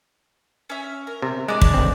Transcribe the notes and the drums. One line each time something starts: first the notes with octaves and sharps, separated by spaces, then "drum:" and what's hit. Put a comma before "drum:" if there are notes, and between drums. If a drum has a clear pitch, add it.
C#4 E5
A#4
C3
G#3 D4 E4 D5
drum: kick
A1 C4